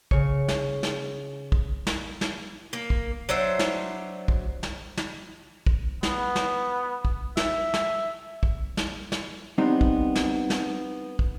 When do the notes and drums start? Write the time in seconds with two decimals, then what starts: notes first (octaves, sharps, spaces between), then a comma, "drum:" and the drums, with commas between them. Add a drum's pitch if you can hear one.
0.11 C#3 C#5, drum: kick
0.48 drum: snare
0.83 drum: snare
1.52 drum: kick
1.87 drum: snare
2.21 drum: snare
2.73 A#3
2.90 drum: kick
3.29 F#3 D4 C5 E5
3.59 drum: snare
4.28 drum: kick
4.63 drum: snare
4.97 drum: snare
5.66 drum: kick
6.03 B3, drum: snare
6.36 drum: snare
7.05 drum: kick
7.37 E5, drum: snare
7.74 drum: snare
8.43 drum: kick
8.77 drum: snare
9.12 drum: snare
9.58 G3 B3 C4 D4 D#4
9.81 drum: kick
10.15 drum: snare
10.50 drum: snare
11.19 drum: kick